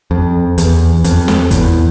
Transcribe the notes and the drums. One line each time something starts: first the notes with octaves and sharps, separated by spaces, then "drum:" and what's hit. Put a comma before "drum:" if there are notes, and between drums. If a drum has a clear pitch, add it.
F2
E2, drum: hi-hat
F2, drum: hi-hat
drum: snare
E2, drum: kick, hi-hat